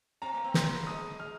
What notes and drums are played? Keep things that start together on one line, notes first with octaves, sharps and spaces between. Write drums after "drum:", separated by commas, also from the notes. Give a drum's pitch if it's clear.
C4 A#5
A#3
C4
C6, drum: snare
A#3
G#3 D#6
F6